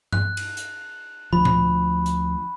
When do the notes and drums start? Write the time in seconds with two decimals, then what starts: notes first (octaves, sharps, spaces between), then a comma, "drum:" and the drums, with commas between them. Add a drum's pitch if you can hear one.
0.13 F#6, drum: tom G2
0.37 drum: cymbal
0.57 drum: hi-hat
1.33 D2 F3 B5
1.45 drum: tom A2
2.06 drum: hi-hat